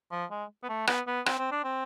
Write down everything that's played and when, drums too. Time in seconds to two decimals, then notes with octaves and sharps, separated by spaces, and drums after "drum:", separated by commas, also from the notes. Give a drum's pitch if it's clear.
0.11 F3
0.31 G#3
0.63 B3
0.69 A3
0.87 B3, drum: rim click
1.07 B3
1.26 C4, drum: rim click
1.39 C4
1.52 D4
1.64 C4